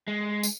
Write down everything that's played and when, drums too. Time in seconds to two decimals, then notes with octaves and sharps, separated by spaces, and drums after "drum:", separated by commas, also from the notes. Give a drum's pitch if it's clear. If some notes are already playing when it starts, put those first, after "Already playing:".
0.08 G#3
0.43 drum: tambourine